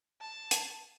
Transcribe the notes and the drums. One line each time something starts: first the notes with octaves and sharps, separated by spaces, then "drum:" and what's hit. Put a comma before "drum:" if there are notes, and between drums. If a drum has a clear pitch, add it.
A5
drum: hi-hat